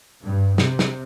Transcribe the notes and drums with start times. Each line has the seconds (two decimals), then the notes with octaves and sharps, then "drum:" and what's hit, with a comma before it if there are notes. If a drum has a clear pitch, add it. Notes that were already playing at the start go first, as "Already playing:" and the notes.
0.21 G2
0.58 C3, drum: snare
0.79 drum: snare